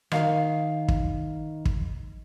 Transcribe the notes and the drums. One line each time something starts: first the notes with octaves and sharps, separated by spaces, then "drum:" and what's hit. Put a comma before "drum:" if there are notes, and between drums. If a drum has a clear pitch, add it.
D#3 F5, drum: rim click
drum: kick
drum: kick